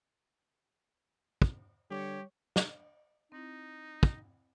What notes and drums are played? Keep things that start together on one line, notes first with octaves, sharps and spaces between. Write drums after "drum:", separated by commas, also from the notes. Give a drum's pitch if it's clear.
drum: kick
D3 G3 G4 C#5
drum: snare
C4 D#4 E4
drum: kick